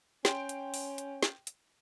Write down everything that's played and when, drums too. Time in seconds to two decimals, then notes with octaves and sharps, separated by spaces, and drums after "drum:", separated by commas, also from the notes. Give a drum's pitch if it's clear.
0.25 C#4 G5 C6 D7, drum: snare
0.49 drum: hi-hat
0.74 drum: open hi-hat
0.98 drum: hi-hat
1.23 drum: snare
1.47 drum: hi-hat